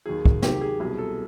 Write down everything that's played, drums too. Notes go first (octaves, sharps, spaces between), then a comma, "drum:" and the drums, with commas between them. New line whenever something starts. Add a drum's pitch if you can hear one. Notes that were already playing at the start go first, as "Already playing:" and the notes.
D#2 D#3 F#3 G#4
drum: kick
D#2 D#3 F#3 G4, drum: snare
G#4
C2 B2 F#3 G#4
A4